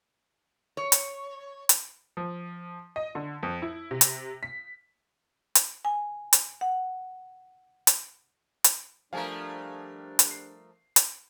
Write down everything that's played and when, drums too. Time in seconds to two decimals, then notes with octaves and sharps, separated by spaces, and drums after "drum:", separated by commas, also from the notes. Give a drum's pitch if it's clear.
0.77 C#5
0.92 drum: hi-hat
1.69 drum: hi-hat
2.17 F3
2.96 D#5
3.15 D3
3.43 F2
3.62 E4
3.91 C3
4.01 drum: hi-hat
4.43 B6
5.55 drum: hi-hat
5.85 G#5
6.33 drum: hi-hat
6.61 F#5
7.87 drum: hi-hat
8.64 drum: hi-hat
9.13 F3 G3 A3 D4 A#4 F5 G#5 A5
10.19 drum: hi-hat
10.31 C7
10.96 drum: hi-hat